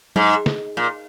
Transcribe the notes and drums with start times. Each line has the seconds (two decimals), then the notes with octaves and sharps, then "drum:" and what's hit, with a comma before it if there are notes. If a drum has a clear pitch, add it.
0.16 G#2, drum: tom F#3
0.46 drum: snare
0.77 A#2